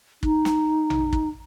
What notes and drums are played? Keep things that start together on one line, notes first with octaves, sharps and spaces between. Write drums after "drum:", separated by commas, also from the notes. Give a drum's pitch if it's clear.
D#4, drum: kick
drum: snare
drum: tom A#1
drum: kick